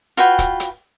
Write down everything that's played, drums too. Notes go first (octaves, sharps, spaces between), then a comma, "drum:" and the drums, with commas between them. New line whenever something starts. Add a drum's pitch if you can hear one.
F4 F#4 B4 G5, drum: hi-hat
drum: kick, hi-hat
drum: hi-hat